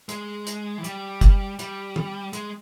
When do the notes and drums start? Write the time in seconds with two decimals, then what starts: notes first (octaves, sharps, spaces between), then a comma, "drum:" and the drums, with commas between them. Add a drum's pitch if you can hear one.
0.09 G#3, drum: hi-hat
0.47 drum: hi-hat
0.78 E3
0.84 G3, drum: hi-hat
1.21 drum: kick, hi-hat
1.59 G3, drum: hi-hat
1.96 drum: tom
2.33 G#3, drum: hi-hat